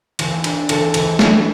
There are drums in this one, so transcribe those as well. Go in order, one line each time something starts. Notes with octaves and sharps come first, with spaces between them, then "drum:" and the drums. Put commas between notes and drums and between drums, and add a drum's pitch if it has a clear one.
E3, drum: cymbal
D4, drum: cymbal
E3 A4, drum: cymbal
E3, drum: cymbal
D4, drum: snare